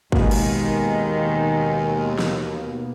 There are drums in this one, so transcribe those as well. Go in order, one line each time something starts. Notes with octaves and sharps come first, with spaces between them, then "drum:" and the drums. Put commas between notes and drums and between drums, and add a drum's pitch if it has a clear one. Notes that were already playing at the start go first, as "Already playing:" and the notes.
D#2 B2 D#3 G#3 A#3 B3, drum: kick
drum: cymbal
drum: snare